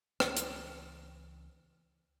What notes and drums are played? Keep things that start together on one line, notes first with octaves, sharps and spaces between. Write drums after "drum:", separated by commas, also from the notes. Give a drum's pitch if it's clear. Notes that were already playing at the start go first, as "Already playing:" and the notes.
C#2 E3, drum: rim click
drum: hi-hat